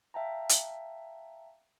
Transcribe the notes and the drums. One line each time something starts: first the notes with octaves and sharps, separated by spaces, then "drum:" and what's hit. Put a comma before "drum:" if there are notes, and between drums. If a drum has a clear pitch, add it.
E5 F5 G5 A5 A#5
drum: hi-hat